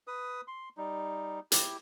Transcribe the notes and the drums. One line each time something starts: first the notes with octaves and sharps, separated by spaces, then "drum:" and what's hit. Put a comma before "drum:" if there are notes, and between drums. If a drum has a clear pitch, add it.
B4 D#6
C6
G3 D#4
E4 G4, drum: hi-hat